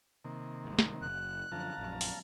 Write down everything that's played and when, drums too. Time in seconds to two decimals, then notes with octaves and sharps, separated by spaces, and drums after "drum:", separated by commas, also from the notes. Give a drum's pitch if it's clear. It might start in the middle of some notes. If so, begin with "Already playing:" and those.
0.24 C3 D#3 A#3
0.65 C2 G#2
0.79 drum: snare
1.01 F#1 F#6
1.52 F#2 D3 F3 F5 A5 A#5
1.78 A#1 F#2
2.01 drum: open hi-hat